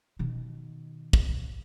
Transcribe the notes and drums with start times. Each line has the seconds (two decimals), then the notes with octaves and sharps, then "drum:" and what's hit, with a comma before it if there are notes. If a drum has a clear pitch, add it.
0.19 B2 D#3
1.13 drum: kick